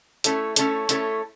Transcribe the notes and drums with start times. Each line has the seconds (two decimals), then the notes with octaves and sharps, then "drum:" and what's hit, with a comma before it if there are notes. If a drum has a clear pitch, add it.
0.24 A3 C#4 E4 A4 C#5, drum: hi-hat
0.56 A3 C#4 E4 A4 C#5, drum: hi-hat
0.89 A3 C#4 E4 A4 C#5, drum: hi-hat